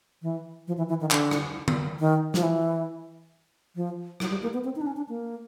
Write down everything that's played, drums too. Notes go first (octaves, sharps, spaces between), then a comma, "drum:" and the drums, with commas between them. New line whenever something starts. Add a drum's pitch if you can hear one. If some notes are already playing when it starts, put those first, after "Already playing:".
E3
F3
E3
E3
D#3
D3, drum: clap
drum: rim click
drum: tom D3
D#3
F3, drum: snare
E3
F3
F#3, drum: rim click
G3
A#3
B3
C4
D#4
D4
C#4
D4
A#3